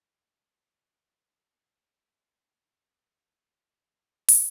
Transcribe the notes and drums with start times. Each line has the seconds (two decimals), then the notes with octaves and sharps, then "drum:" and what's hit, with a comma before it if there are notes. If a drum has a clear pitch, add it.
0.05 E4
0.44 C#6
0.81 D5
1.62 A5
1.88 E5
2.47 G#5
3.10 F3
4.29 drum: open hi-hat